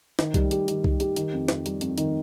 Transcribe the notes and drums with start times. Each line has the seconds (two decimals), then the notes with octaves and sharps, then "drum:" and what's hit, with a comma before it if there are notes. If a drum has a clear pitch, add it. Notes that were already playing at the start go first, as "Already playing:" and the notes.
0.19 D#3, drum: snare
0.34 G3, drum: kick C2, hi-hat
0.51 G4, drum: hi-hat
0.68 D#3, drum: hi-hat
0.84 D#3, drum: kick C2
1.00 G4, drum: hi-hat
1.16 D#3, drum: hi-hat
1.33 F2
1.48 F2, drum: snare
1.66 G3, drum: hi-hat
1.81 F2, drum: hi-hat
1.98 D#3, drum: hi-hat